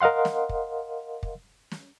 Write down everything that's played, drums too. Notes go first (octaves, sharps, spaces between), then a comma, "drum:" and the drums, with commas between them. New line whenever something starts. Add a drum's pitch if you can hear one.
A#4 D#5 F5 F#5 C6
drum: snare
drum: kick
drum: kick
drum: snare